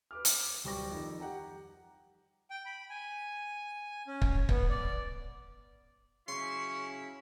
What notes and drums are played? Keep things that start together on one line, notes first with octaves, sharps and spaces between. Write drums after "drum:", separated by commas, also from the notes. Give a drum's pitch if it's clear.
B4 D6 F6
drum: hi-hat
D1 G3 C5 C#6 D6 A#6
F2 D#3
G4 F#5 G5 A#5
G5
B5
G#5
C#4
drum: kick
B3, drum: kick
D5
C#3 F#3 C#4 E4 C6 C#6